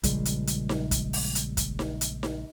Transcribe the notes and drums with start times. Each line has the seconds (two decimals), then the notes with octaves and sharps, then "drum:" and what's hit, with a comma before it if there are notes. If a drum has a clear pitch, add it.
0.03 A#1 C#3 G3 G#3, drum: kick, hi-hat
0.25 drum: hi-hat
0.47 drum: hi-hat
0.69 drum: snare D#4
0.91 drum: kick, hi-hat
1.13 drum: open hi-hat
1.35 drum: hi-hat
1.57 drum: kick, hi-hat
1.79 drum: snare D#4
2.01 drum: hi-hat
2.23 drum: snare D#4